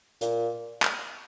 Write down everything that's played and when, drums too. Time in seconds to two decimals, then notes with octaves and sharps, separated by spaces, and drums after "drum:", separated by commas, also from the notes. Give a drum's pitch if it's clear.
0.21 A#2, drum: hi-hat
0.82 drum: clap